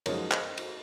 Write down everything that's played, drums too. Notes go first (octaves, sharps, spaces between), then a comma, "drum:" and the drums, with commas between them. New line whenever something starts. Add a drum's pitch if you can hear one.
F#2 F3 G#3 D#4 F#4 A#4 C#5, drum: cymbal
C5 D#5, drum: clap
drum: cymbal